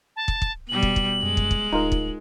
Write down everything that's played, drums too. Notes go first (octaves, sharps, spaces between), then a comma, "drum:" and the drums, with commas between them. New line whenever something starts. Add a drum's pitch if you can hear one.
A5
drum: kick
drum: kick
B2 G3 F#7
drum: kick
drum: kick
F#2 G#3
drum: kick
drum: kick
D1 D#4 F4 A#4
drum: kick